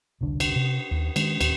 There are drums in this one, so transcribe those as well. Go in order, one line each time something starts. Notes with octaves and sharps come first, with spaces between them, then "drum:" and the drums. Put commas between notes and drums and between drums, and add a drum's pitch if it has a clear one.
E1 C2 D3 D4
drum: cymbal
C3
D#2
D#3 G#3 C#4, drum: cymbal
D1 D#2, drum: cymbal